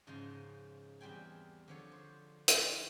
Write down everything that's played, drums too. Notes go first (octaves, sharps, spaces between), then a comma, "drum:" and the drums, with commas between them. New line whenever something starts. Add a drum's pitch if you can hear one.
G#2 C#3 F3 D#4 D#5 C6
E2 G3 C4 G5 G#5
D3 F3 C#5
C5
drum: hi-hat